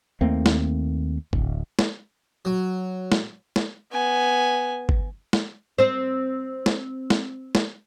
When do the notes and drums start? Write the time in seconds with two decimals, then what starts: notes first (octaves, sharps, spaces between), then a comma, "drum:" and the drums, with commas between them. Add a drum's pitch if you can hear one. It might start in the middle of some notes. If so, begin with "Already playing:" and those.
0.21 D#2 A3 A#3 C4
0.46 drum: snare
1.33 D1, drum: kick G1
1.79 drum: snare
2.45 F#3
3.12 drum: snare
3.56 drum: snare
3.92 B3 G#5
4.89 drum: kick G1
5.33 drum: snare
5.78 C4 C5
6.66 drum: snare
7.10 drum: snare
7.55 drum: snare